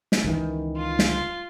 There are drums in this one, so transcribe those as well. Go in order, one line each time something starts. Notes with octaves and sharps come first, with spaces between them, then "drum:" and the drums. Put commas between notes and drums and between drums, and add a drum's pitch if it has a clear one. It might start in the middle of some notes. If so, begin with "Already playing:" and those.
drum: snare
C#2 D#3 E3
F4
drum: snare